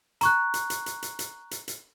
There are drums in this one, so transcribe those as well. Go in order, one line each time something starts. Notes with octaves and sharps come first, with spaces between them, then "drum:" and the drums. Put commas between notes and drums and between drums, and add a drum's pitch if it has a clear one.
A#5 C#6 F#6, drum: hi-hat
drum: hi-hat
drum: hi-hat
drum: hi-hat
drum: hi-hat
drum: hi-hat
drum: hi-hat
drum: hi-hat